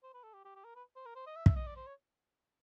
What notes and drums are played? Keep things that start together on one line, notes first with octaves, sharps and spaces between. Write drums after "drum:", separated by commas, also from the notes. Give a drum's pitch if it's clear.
C5
B4
A4
G4
G4
G4
A#4
B4
C5
A#4
C5
D#5
E5
E5, drum: kick
D#5
D5
C5
C#5